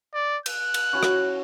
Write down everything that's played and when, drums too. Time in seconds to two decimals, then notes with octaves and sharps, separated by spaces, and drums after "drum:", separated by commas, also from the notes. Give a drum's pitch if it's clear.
0.14 D5
0.46 F#6, drum: cymbal
0.74 drum: cymbal
0.93 C#4 E4 F#4
1.03 drum: rim click